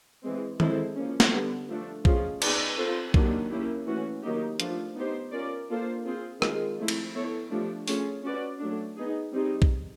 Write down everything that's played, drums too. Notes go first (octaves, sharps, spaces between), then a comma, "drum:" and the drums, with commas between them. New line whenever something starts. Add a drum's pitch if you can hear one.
E3 G#3 C4
G#3 C4 E4 A4 C5, drum: tom D#3
F3 A#3 C#4
drum: snare
D3 G3 B3
F3 A3 D4
F3 G#3 C#4 F4 G#4, drum: kick B1
B3 D#4 G#4 B4 D5, drum: cymbal
C4 F4 A4 C5
D#3 F#3 A#3 D4 G4, drum: kick B1
A#3 C#4 E4 G4
E3 A3 C#4 F#4
D#3 F#3 A#3 D#4 G4
F3 A3 D4 F4, drum: hi-hat
B3 D#4 G4 C5
C#4 F4 A#4 D5
A#3 D4 F4 A4 C5
C4 F4 G#4 C5
D#3 G#3 C4 F4, drum: rim click
F3 A3 C4 E4
drum: cymbal
B3 E4 A4 C#5
F3 A3 D4 G4
A3 C#4 F4 G#4 C#5, drum: open hi-hat
C#4 F#4 B4 D5
F#3 A3 D4
B3 D#4 G#4
G3 C4 D#4 G#4
drum: kick B1